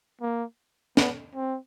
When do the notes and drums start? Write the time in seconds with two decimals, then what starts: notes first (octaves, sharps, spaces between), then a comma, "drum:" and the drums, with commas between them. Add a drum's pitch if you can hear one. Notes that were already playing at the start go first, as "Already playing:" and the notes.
0.21 A#3
0.97 B3, drum: snare
1.35 C4